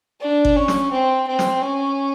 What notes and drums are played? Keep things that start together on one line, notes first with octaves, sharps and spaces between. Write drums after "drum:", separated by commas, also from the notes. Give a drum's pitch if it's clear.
D4
drum: kick G1
C#4
drum: snare
C4
C4
drum: snare
C#4